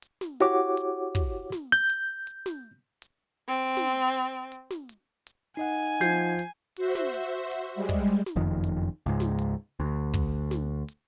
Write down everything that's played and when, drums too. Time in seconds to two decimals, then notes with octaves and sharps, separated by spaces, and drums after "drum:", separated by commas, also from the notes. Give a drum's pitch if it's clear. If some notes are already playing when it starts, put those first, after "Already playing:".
0.02 drum: hi-hat
0.21 drum: snare
0.40 E4 F#4 G4 C#5 F#5 D6, drum: hi-hat
0.77 drum: hi-hat
1.15 drum: kick, hi-hat
1.52 drum: snare
1.72 G6
1.90 drum: hi-hat
2.27 drum: hi-hat
2.46 drum: snare
3.02 drum: hi-hat
3.48 C4
3.77 drum: snare
4.14 drum: hi-hat
4.52 drum: hi-hat
4.71 drum: snare
4.89 drum: hi-hat
5.27 drum: hi-hat
5.57 D#4 D#5 F#5 G#5
6.01 F3 G6 G#6 C7, drum: snare
6.39 drum: hi-hat
6.76 F#4 C5 E5, drum: hi-hat
6.95 drum: snare
7.14 drum: hi-hat
7.51 drum: hi-hat
7.75 G3 G#3
7.89 drum: kick, hi-hat
8.26 drum: snare
8.36 F#1 F2 D#3
8.64 drum: hi-hat
9.06 C#2 G#2
9.20 drum: snare
9.39 drum: hi-hat
9.80 D2
10.14 drum: kick, hi-hat
10.51 drum: snare
10.88 drum: hi-hat